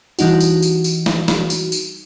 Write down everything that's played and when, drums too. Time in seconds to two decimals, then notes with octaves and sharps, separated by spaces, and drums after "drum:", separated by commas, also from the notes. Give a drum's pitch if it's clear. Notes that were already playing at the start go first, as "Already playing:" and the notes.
0.19 E3 G3 D#4 F#4, drum: tambourine
0.40 drum: tambourine
0.62 drum: tambourine
0.84 drum: tambourine
1.06 drum: snare
1.28 drum: snare
1.50 drum: tambourine
1.72 drum: tambourine